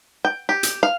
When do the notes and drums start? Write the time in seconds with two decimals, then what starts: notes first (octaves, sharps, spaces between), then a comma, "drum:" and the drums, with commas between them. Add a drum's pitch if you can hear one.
0.25 G5
0.49 G4
0.63 drum: hi-hat
0.83 F5